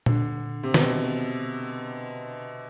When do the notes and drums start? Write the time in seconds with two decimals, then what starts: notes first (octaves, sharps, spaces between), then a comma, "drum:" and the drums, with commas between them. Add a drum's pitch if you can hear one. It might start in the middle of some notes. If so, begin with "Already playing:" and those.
0.06 D3, drum: tom A#2
0.63 C3
0.74 B2, drum: snare